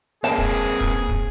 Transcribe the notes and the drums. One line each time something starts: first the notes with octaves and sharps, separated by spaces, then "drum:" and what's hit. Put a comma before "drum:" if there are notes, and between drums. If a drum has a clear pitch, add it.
A#3 C4 G#4 A5
drum: kick
drum: kick
drum: kick